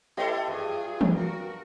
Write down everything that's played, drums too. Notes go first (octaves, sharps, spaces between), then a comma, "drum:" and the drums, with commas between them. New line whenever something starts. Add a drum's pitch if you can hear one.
B3 E4 G4 A4 D#5 E5
G2 F4 G#4
drum: tom E3
F#4 A#4